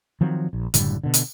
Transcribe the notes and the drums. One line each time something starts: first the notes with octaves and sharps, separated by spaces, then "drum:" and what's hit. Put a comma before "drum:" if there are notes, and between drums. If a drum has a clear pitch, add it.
D#3 F3 F#3 C4
A#1
F#1 A2 D3 G3, drum: hi-hat
B2 D3
drum: hi-hat